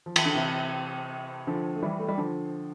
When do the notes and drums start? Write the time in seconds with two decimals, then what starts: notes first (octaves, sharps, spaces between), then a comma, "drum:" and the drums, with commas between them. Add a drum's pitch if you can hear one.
0.06 F3
0.16 E3, drum: cymbal
0.25 D3
0.35 C3 E3
1.47 D3 F3
1.76 A3
1.82 E3 G3
2.00 A3
2.08 G3
2.17 D3 F3